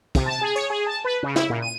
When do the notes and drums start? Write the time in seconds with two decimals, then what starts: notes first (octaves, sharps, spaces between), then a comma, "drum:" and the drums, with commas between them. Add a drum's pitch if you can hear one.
0.15 C3, drum: kick, cymbal
0.26 A5
0.41 G#4
0.55 C#5, drum: cymbal
0.70 G#4
0.86 A5
1.04 B4
1.23 C#3
1.36 E4, drum: snare
1.50 A#2
1.62 D#7